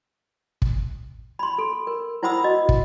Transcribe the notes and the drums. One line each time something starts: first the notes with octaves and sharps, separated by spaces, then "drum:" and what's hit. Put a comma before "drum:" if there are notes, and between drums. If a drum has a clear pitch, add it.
drum: kick
B5 C6
A4
A#4
E4 C5 F#5 B5 D#6 E6
F#4 D#5
drum: kick